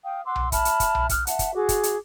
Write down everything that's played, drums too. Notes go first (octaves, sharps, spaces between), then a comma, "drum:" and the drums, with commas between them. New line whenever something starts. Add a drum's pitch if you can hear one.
F5 G5 D#6
F#5 C6 D6 E6
drum: tom B1
E5 A5 B5 F6, drum: kick, hi-hat
drum: hi-hat
drum: kick, hi-hat
drum: tom B1
D#6 F6 F#6, drum: kick, hi-hat
E5 F#5 A5, drum: hi-hat
drum: kick, hi-hat
F#4 G#4 D6
drum: kick, hi-hat
drum: hi-hat